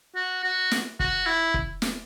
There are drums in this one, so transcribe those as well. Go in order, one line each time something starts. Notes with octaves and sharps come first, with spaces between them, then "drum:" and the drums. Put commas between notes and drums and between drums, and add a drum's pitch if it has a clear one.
F#4
F#4
drum: snare
F#4, drum: kick
E4
drum: kick
drum: snare